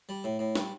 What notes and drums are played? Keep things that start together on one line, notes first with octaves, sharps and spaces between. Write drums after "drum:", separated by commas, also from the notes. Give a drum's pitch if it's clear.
G3
A2
A2
G3, drum: snare